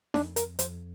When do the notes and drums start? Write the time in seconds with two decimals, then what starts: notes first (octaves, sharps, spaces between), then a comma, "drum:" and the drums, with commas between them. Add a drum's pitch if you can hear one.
0.14 F2 D4, drum: snare D#4
0.36 A#4, drum: hi-hat
0.59 F2 C5, drum: hi-hat